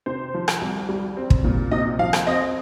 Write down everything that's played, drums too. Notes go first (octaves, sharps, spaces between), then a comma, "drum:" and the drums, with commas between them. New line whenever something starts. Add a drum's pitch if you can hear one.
C3 C5
F3
drum: rim click
C2
G3
C4
drum: kick
A#2
C3 D#5
F3 F5
drum: rim click
C4 D#5